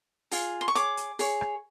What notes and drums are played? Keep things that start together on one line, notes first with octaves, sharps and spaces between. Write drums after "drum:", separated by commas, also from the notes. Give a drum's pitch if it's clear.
F4 G#4, drum: open hi-hat
C6
C#6
G#4 C#5 D6, drum: hi-hat
drum: hi-hat
G#4 C#5, drum: open hi-hat
drum: rim click